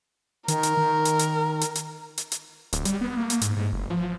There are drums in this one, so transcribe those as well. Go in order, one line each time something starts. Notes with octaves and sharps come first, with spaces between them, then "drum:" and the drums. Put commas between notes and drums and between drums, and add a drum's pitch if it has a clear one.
D#3 A#4, drum: hi-hat
drum: hi-hat
D#3
drum: hi-hat
drum: hi-hat
drum: hi-hat
drum: hi-hat
drum: hi-hat
drum: hi-hat
D1, drum: hi-hat
G3, drum: hi-hat
B3
A#3
drum: hi-hat
G#2, drum: hi-hat
G#2
F#1
F3